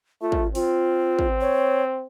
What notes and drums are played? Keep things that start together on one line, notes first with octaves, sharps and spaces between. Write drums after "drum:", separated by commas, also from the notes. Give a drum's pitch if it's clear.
A3 F4
drum: kick
C4 F4, drum: open hi-hat
drum: kick
C#5